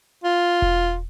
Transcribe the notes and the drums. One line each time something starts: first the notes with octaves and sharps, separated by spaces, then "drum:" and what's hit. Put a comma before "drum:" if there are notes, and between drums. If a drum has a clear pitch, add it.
F4
drum: kick E1